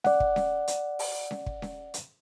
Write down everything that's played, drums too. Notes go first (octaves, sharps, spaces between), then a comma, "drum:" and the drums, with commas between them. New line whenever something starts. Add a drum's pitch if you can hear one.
D5 F#5, drum: snare C#4
drum: kick
drum: snare C#4
drum: hi-hat
drum: open hi-hat
drum: snare C#4
drum: kick
drum: snare C#4
drum: hi-hat